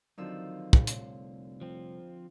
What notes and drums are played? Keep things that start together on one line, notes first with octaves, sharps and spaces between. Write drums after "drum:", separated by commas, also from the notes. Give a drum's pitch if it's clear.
D3 D#3 F3 F#3 C4 D#4 E6
drum: kick
F1 C2 C#5 C6, drum: hi-hat
F3 C4